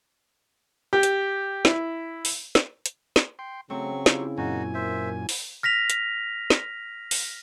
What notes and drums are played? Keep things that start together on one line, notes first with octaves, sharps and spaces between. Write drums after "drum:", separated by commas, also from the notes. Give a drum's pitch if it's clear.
G4
drum: hi-hat
E4, drum: snare
drum: open hi-hat
drum: snare
drum: hi-hat
drum: snare
G5 C6
C#3 F#3 A3 C4 C#6
E4 F4 G4, drum: snare
F#2 A#2 D#4 F#4 G#5
A#4 C5 E5
drum: open hi-hat
F6 A#6 B6 F7
drum: hi-hat
drum: snare
drum: open hi-hat